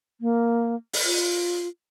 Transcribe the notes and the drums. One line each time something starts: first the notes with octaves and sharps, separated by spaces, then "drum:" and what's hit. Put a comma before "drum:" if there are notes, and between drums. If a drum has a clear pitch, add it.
A#3
drum: open hi-hat
F4